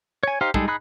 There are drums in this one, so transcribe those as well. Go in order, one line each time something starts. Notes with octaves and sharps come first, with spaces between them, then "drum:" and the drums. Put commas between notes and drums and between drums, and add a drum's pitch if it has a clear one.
C#5 G#5
D#4 G4 C5 F5
G3 G#3 D#4 G#4 A4, drum: kick
D#4 G#4 B5 D#6 F#6